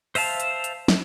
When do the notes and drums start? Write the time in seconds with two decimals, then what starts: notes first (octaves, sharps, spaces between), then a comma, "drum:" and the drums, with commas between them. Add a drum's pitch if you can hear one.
0.15 C5 E5 F5 A5, drum: open hi-hat
0.40 drum: hi-hat
0.64 drum: hi-hat
0.88 drum: snare